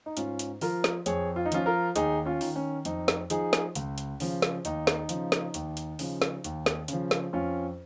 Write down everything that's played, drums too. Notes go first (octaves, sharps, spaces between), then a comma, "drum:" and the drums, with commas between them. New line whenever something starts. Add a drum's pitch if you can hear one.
D#4
G#2 C#4 F4, drum: hi-hat
drum: hi-hat
F3 F4 A#4, drum: open hi-hat
drum: snare
F2 G#4 C#5, drum: hi-hat
F4
D#4
F3 C#4 F4, drum: hi-hat
F4 A#4
D#2 D#4 G#4, drum: hi-hat
C#4 F4
D#3, drum: open hi-hat
C#4
F2 D#4, drum: hi-hat
drum: snare
F3 D#4 G#4, drum: hi-hat
drum: snare
C#2, drum: hi-hat
drum: hi-hat
C#3 F3, drum: open hi-hat
drum: snare
D#2 D#4, drum: hi-hat
drum: snare
C#3 F3, drum: hi-hat
drum: snare
D#2, drum: hi-hat
drum: hi-hat
C#3 F3, drum: open hi-hat
drum: snare
D#2, drum: hi-hat
drum: snare
C#3 F3, drum: hi-hat
drum: snare
F2 C#4 F4